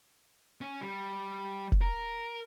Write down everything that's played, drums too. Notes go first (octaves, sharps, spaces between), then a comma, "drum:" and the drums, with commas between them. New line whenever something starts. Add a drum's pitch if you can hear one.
C#4
G3
drum: kick
A#4